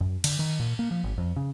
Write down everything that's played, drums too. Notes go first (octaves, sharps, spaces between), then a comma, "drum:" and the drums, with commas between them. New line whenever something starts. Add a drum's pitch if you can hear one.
F#2
D3, drum: cymbal
D#3
A#2
A#3
F3
G#1
F2
C#3